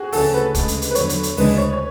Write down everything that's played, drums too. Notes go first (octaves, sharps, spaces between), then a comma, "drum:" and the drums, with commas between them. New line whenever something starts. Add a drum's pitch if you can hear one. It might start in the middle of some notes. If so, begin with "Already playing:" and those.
Already playing: F#4 G#4
D2 C#3 E3 A3 C#4 A4, drum: open hi-hat
B4
D2 C#3 G#3, drum: kick, hi-hat
drum: hi-hat
drum: hi-hat
B4
E2 D3 F#3 C#5, drum: hi-hat
drum: hi-hat
drum: hi-hat
D2 C#3 E3 G#3 D4 B4, drum: open hi-hat
C#5
C#5